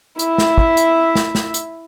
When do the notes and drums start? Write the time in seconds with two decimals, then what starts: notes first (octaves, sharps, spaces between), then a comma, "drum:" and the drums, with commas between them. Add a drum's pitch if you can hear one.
0.19 E4 E5, drum: hi-hat
0.38 drum: snare
0.58 drum: kick
0.77 drum: hi-hat
1.15 drum: snare
1.35 drum: snare
1.54 drum: hi-hat